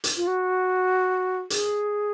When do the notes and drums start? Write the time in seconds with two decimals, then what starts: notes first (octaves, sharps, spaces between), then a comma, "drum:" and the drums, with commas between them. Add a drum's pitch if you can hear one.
0.04 drum: hi-hat
0.17 F4
0.27 F#4
1.50 G#4, drum: hi-hat